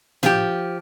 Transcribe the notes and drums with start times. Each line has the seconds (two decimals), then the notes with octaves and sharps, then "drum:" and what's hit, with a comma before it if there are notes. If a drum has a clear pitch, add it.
0.23 F3 G4, drum: tom A2